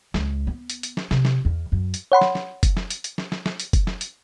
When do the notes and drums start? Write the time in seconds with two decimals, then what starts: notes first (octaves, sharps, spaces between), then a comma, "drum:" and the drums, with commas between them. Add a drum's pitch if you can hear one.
0.14 C#2, drum: snare
0.47 B3
0.70 drum: hi-hat
0.83 drum: hi-hat
0.97 drum: snare
1.11 C3, drum: snare
1.25 drum: snare
1.45 E2
1.72 F#2
1.94 drum: hi-hat
2.12 C#5 F#5 B5 C6
2.21 drum: snare
2.35 drum: snare
2.63 drum: kick, hi-hat
2.77 drum: snare
2.90 drum: hi-hat
3.04 drum: hi-hat
3.18 drum: snare
3.32 drum: snare
3.46 drum: snare
3.60 drum: hi-hat
3.73 drum: kick, hi-hat
3.87 drum: snare
4.01 drum: hi-hat